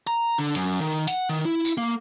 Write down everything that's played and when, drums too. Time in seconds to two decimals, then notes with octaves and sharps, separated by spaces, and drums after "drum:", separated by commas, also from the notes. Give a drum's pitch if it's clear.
0.07 A#5
0.38 D3
0.55 F#2, drum: hi-hat
0.81 D#3
1.08 F#5, drum: hi-hat
1.29 D#3
1.45 E4
1.65 drum: tambourine
1.78 A#3